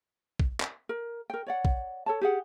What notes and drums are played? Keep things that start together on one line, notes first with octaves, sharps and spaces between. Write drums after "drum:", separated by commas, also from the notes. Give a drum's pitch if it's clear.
drum: kick
drum: clap
A#4
A#4 G5
C#5 D5 F#5
drum: kick
A4 C#5 A5
G4 G#4 F#5